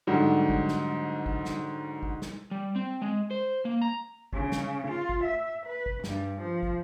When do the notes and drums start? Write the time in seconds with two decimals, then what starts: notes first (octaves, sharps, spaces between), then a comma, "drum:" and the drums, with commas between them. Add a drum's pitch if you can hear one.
0.07 G#2 D3 F#3 G3
0.49 drum: kick
0.69 drum: snare
1.26 drum: kick
1.45 drum: snare
2.03 drum: kick
2.22 drum: snare
2.51 G3
2.75 C4
3.02 G#3
3.31 C5
3.65 A#3
3.82 A#5
4.33 C#3, drum: kick
4.52 drum: snare
4.87 F4
5.09 drum: kick
5.23 E5
5.66 B4
5.86 drum: kick
6.04 G2, drum: snare
6.41 F3
6.63 drum: kick